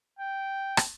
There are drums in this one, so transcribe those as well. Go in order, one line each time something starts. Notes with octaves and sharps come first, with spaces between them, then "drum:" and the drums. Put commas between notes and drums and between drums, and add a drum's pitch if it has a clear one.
G5
drum: rim click